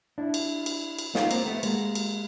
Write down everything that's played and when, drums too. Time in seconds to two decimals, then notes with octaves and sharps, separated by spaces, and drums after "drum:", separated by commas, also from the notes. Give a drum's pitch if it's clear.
0.18 D4 E4
0.34 drum: cymbal
0.66 drum: cymbal
0.99 drum: cymbal
1.15 D#4 F4, drum: snare
1.31 A#3 C4, drum: cymbal
1.46 A3 B3
1.63 G#3 A#3, drum: cymbal
1.95 drum: cymbal